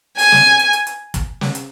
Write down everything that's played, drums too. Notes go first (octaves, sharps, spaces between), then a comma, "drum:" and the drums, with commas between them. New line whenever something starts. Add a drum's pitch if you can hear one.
G#5, drum: open hi-hat
drum: snare
drum: hi-hat
drum: hi-hat
drum: hi-hat
drum: kick, hi-hat
drum: snare
drum: hi-hat